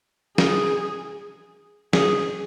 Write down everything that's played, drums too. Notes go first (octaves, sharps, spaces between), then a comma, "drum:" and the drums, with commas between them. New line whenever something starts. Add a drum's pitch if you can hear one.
G#4, drum: snare
G#4, drum: snare